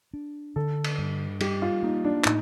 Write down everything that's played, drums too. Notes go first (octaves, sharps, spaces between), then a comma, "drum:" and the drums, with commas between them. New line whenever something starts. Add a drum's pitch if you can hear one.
D4
D3 A4
drum: cymbal
G2
G3 G4, drum: cymbal
F4
A#3 D#4
D4
A2 D#4, drum: clap